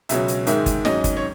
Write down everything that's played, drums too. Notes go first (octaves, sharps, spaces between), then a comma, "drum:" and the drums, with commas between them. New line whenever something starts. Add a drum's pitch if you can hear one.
C#2 B2 F#3 C#4 E5, drum: hi-hat
drum: hi-hat
G#2 D#3 G#3 E5, drum: hi-hat
drum: kick G1, hi-hat
G#2 F#3 C#4 D#5, drum: snare
drum: kick G1, hi-hat
C#5